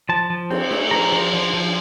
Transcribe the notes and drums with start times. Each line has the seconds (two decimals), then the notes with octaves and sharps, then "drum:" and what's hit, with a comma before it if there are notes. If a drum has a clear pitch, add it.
0.09 F3 A5
0.30 F3
0.50 C4, drum: cymbal
0.71 A3, drum: cymbal
0.91 F3 A#5
1.12 F3
1.34 F3
1.54 F3